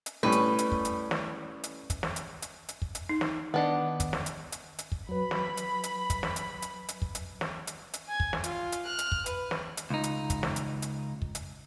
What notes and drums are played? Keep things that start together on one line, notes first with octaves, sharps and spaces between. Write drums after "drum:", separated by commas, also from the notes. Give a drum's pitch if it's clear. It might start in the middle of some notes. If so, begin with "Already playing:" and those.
drum: hi-hat
A2 G3 C#4 B4
drum: hi-hat
drum: hi-hat
drum: kick
drum: hi-hat
drum: snare
drum: hi-hat
drum: kick, hi-hat
drum: snare
drum: hi-hat
drum: hi-hat
drum: hi-hat
drum: kick
drum: hi-hat
D#4
drum: snare
D#3 B3 D4 D#5 F#5
drum: kick, hi-hat
drum: snare
drum: hi-hat
drum: hi-hat
drum: hi-hat
drum: kick
F#3 B4 B5
drum: snare
drum: hi-hat
drum: hi-hat
drum: kick, hi-hat
drum: snare
drum: hi-hat
drum: hi-hat
drum: hi-hat
drum: kick
drum: hi-hat
drum: snare
drum: hi-hat
drum: hi-hat
G#5 G#6
drum: kick
drum: snare
F4, drum: hi-hat
drum: hi-hat
F6 F#6
drum: hi-hat
drum: kick
B4, drum: hi-hat
drum: snare
drum: hi-hat
C#2 D#4
drum: hi-hat
drum: kick, hi-hat
drum: snare
drum: hi-hat
drum: hi-hat
drum: kick
drum: hi-hat